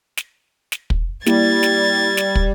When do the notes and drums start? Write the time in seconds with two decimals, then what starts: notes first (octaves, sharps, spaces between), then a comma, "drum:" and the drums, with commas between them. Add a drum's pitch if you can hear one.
0.17 drum: snare
0.72 drum: snare
0.90 drum: kick
1.26 G3 A#3 E4 G4 G#6 A6, drum: snare
1.63 drum: snare
2.17 drum: snare
2.35 drum: kick